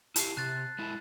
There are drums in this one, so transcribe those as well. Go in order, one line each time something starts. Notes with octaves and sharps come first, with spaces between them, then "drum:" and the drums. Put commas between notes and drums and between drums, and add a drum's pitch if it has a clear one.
E4 G4 A5 C7, drum: hi-hat
C3 F#6 A6
G#3 E4